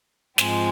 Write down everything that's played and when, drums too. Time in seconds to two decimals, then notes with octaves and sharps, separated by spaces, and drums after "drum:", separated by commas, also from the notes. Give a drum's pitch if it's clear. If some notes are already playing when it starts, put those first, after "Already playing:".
0.38 G#2 F3 G#3 C4, drum: snare